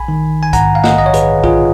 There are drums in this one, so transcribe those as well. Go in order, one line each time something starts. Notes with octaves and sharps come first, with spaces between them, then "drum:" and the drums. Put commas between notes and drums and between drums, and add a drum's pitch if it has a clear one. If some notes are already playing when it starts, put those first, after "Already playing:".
Already playing: A#1 G#5 B5
D#3
G#5
G#2 F#5 A#5, drum: kick B1, hi-hat
F5
D#5 F#5, drum: snare
A#1 D#5
C#5
G#4 B4, drum: hi-hat
A#1 F4 G#4, drum: kick B1